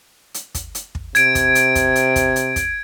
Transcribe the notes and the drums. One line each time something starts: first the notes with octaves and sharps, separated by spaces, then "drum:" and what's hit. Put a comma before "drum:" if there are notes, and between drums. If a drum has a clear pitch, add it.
drum: hi-hat
drum: kick, hi-hat
drum: hi-hat
drum: kick
C3 G#6 D7, drum: hi-hat
drum: kick, hi-hat
drum: hi-hat
drum: kick, hi-hat
drum: hi-hat
drum: kick, hi-hat
drum: hi-hat
drum: kick, hi-hat